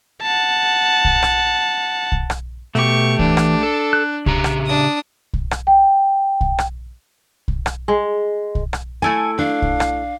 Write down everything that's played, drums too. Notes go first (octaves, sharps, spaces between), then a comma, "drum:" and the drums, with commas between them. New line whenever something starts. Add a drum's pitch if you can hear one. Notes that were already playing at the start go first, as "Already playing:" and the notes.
F#5 A5
drum: kick B1
drum: rim click
drum: kick B1
drum: rim click
B2 A3 G4 C#6
E3 D4, drum: kick B1
drum: rim click
A4
F#6
C#3 G4 A#5, drum: kick B1
drum: rim click
D4 D#6
drum: kick B1
drum: rim click
G5
drum: kick B1
drum: rim click
drum: kick B1
drum: rim click
G#3
drum: kick B1
drum: rim click
A3 E4 A4 G#5
D4 F5
drum: kick B1
drum: rim click